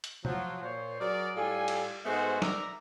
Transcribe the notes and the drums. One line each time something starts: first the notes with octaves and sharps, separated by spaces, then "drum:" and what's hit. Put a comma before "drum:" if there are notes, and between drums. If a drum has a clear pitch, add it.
drum: hi-hat
F3 F#3, drum: tom C3
A#2 C5 C#5
F#3 G#4 A#4 D5
A2 G3 F4 A4 G#5
drum: cymbal
G#2 G#3 A3 B3 F#4 C5
A#4 D5 E5 A#5, drum: snare